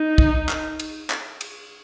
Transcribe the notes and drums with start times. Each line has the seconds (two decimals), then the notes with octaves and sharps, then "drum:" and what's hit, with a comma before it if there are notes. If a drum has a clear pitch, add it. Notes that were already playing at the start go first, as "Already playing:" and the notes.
Already playing: D#4
0.18 drum: kick
0.49 drum: clap
0.79 drum: cymbal
1.10 drum: clap
1.41 drum: cymbal